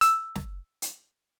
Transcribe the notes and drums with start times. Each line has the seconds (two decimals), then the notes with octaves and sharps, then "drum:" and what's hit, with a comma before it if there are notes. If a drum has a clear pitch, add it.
0.01 E6, drum: hi-hat
0.35 drum: snare
0.82 drum: hi-hat